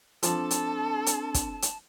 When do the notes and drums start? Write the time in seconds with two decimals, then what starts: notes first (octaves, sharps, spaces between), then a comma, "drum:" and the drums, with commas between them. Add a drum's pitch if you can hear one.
0.23 F3 C4 D4 A4 A5, drum: hi-hat
0.51 drum: hi-hat
1.06 drum: hi-hat
1.34 drum: kick, hi-hat
1.62 drum: hi-hat